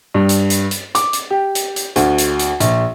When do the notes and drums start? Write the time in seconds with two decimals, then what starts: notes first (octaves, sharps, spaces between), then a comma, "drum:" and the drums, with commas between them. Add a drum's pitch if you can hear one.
0.14 G2
0.29 drum: hi-hat
0.50 drum: hi-hat
0.71 drum: hi-hat
0.95 D6, drum: hi-hat
1.13 drum: hi-hat
1.30 G4
1.55 drum: hi-hat
1.76 drum: hi-hat
1.96 D2, drum: hi-hat
2.18 drum: hi-hat
2.39 drum: hi-hat
2.60 A#1, drum: hi-hat